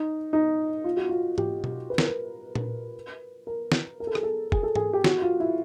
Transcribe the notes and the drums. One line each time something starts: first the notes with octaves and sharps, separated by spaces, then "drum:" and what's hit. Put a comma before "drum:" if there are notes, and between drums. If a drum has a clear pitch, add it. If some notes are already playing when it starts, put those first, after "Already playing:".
Already playing: D#4
D#4
F4
F#4
F4
G4, drum: tom G#2
drum: tom B2
B4
A#4, drum: snare
B4
drum: tom A#2
A#4
drum: snare
A#4
A4
G#4, drum: rim click
A4
G#4, drum: kick F#1
A4
G#4, drum: tom G#2
G4
F#4, drum: snare
F4
E4